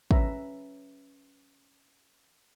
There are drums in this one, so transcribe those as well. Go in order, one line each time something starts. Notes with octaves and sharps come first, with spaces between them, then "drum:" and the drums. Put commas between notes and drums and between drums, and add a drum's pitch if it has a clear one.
C#4 B4 E5 A#5, drum: kick A1